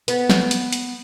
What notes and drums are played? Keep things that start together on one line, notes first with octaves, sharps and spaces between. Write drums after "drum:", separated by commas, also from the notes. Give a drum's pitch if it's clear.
B3, drum: hi-hat
drum: snare
drum: hi-hat
drum: hi-hat